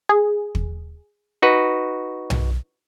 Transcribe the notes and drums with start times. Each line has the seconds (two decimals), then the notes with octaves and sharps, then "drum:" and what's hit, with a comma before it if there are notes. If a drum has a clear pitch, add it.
0.09 G#4
0.55 drum: kick
1.42 D#4 F#4 B4
2.30 drum: tom B1